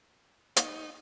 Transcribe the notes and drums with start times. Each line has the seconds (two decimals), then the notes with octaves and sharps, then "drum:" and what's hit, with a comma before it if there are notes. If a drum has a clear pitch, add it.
0.56 D#4, drum: hi-hat